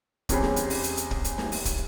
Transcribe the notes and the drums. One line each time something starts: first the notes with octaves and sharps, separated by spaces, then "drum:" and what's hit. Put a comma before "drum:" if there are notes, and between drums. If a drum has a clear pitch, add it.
E2 C4 C#4 G4 G#4 B5, drum: kick, hi-hat
drum: snare
drum: hi-hat
drum: open hi-hat
drum: hi-hat
drum: hi-hat
drum: kick
drum: hi-hat
drum: snare
drum: open hi-hat
drum: kick, hi-hat